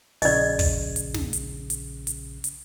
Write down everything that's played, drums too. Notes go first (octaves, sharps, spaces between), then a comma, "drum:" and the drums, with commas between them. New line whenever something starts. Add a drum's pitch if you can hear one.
A#1 C#3 D5 D#5, drum: open hi-hat
drum: kick, open hi-hat
drum: hi-hat
drum: snare
drum: hi-hat
drum: hi-hat
drum: hi-hat
drum: hi-hat